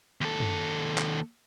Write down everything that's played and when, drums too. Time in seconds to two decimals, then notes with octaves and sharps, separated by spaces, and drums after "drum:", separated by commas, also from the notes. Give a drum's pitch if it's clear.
0.21 D#2 A4
0.40 drum: tom F#2
0.98 drum: clap